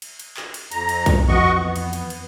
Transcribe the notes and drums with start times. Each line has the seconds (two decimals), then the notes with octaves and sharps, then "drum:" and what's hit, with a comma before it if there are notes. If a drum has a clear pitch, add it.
0.02 drum: cymbal
0.19 drum: cymbal
0.37 drum: clap
0.54 drum: cymbal
0.72 F2 A#5, drum: cymbal
0.89 drum: cymbal
1.06 drum: kick, cymbal
1.28 F2 E3 F#4 D#5 C#6
1.63 B3
1.76 drum: cymbal
1.93 drum: cymbal
2.10 drum: cymbal